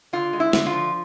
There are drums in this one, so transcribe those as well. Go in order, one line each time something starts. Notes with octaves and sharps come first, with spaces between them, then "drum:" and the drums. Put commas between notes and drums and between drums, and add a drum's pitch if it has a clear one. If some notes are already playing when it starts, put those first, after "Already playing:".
D3 F4
G#3
E4
D3, drum: snare
F4
F3